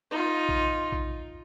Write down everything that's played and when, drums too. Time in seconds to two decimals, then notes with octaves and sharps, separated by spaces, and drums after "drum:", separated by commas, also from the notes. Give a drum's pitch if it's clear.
0.11 D#4 F4
0.49 drum: kick A#1
0.92 drum: kick A#1